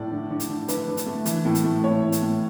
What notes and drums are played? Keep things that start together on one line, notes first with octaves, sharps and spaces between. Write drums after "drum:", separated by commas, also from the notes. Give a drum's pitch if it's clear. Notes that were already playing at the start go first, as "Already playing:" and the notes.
Already playing: A2 D5
D3
D3
drum: hi-hat
D3
D3 B4, drum: hi-hat
D3
drum: hi-hat
A3
E3, drum: hi-hat
A2
drum: hi-hat
A3
A2 C#5
A2
drum: hi-hat
A2